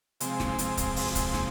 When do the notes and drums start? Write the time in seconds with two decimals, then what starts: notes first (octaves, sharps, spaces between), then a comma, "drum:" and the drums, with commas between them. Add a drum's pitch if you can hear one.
0.20 C3 F3 G#3 C4, drum: hi-hat
0.40 drum: snare
0.59 drum: hi-hat
0.77 drum: kick C#1, hi-hat
0.96 drum: open hi-hat
1.15 drum: kick C#1, hi-hat
1.34 drum: snare